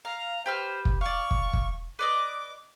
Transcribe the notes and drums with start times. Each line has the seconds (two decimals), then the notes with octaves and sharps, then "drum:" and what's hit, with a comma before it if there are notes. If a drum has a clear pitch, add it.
0.05 F5 A#5
0.46 G4 B4 C5 F6
0.85 drum: kick
1.01 D5 F5 C#6
1.31 drum: kick
1.53 drum: kick
1.99 B4 D5 D#5 D6